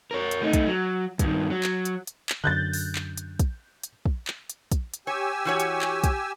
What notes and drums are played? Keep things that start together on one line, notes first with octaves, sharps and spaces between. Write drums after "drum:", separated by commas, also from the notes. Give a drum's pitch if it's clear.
A#4 C#5
drum: hi-hat
A3 D#4
drum: kick, hi-hat
F#3
G2 D#3, drum: kick, hi-hat
F#3
drum: clap
drum: hi-hat
drum: hi-hat
drum: clap
F#2 D3 F#6 G6 A6
drum: open hi-hat
drum: clap
drum: hi-hat
drum: kick, hi-hat
drum: hi-hat
drum: kick
drum: clap
drum: hi-hat
drum: kick, hi-hat
drum: hi-hat
G4 C#5 G#5 E6
E3 F#4 C#5
drum: hi-hat
drum: clap
drum: kick, hi-hat